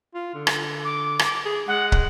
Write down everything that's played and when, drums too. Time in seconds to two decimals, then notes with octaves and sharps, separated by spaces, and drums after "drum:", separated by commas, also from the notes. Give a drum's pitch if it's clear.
0.15 F4
0.34 D3
0.47 drum: rim click
0.85 D6
1.19 drum: rim click
1.45 G#4
1.68 G#3 F#5
1.92 drum: kick